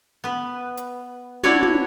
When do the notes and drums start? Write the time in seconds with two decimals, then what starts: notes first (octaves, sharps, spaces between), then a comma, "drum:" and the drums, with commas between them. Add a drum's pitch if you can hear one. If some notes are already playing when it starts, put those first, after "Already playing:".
0.24 B3 B4
0.77 drum: hi-hat
1.43 D4 E4 F#4 B4 C#5 D5, drum: tom
1.63 drum: tom